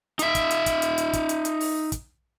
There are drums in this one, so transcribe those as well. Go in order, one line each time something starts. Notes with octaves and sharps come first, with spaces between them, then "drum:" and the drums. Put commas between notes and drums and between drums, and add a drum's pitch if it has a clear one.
D#4 E5, drum: hi-hat
drum: kick, hi-hat
drum: hi-hat
drum: kick, hi-hat
drum: hi-hat
drum: hi-hat
drum: kick, hi-hat
drum: hi-hat
drum: hi-hat
drum: open hi-hat
drum: kick, hi-hat